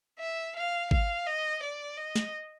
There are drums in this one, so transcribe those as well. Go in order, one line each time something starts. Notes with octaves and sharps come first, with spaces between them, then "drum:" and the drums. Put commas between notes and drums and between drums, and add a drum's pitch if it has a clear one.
E5
F5
F5, drum: kick G#1
D#5
D5
D#5
drum: snare